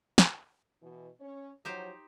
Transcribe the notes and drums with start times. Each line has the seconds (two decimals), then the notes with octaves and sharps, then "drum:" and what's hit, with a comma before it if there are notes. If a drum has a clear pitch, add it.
0.18 drum: snare
0.81 B2 E3
1.20 C#4 C#5
1.65 F3 F#3 D#4 G4 C5